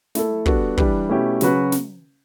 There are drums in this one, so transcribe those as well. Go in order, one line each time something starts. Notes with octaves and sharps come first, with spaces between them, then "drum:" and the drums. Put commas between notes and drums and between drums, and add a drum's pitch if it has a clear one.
A3 E4 A4, drum: snare
G3 B3 D4 F#4 A4, drum: kick
E3 G3 D4 G4 B4, drum: kick
B2 A3 C#4 E4 G4
C#3 F#3 C#4 F#4 B4, drum: snare
drum: snare